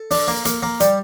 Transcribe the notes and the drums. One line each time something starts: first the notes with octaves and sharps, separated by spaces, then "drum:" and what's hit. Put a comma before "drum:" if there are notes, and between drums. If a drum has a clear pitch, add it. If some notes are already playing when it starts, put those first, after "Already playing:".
Already playing: A4
D4, drum: open hi-hat
A#3
A#3, drum: hi-hat
A#3
G3, drum: hi-hat